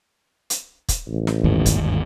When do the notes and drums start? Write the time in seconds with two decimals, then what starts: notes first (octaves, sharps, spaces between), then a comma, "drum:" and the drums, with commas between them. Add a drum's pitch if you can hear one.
0.50 drum: hi-hat
0.89 drum: kick, hi-hat
1.08 A1
1.27 drum: snare
1.44 G1 D#2 G#2
1.66 drum: kick, hi-hat